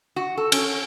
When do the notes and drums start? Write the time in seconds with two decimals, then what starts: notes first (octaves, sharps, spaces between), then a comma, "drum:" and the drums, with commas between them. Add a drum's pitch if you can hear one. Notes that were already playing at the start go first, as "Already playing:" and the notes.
0.16 F#4
0.37 A4
0.52 C#4, drum: cymbal